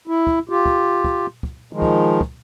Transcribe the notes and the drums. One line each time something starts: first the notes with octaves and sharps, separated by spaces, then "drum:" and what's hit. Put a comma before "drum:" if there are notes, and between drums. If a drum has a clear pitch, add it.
E4
drum: kick
F4 G4
drum: kick
drum: kick
drum: kick
D#3 F3 G#3
drum: kick
drum: kick